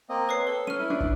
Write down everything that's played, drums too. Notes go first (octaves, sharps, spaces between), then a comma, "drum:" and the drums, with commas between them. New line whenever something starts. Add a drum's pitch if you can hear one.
A#3 C4 D#5
B4 C#5 C7
A4 G7
C#4 F6 D#7
E4
D4 D5
drum: kick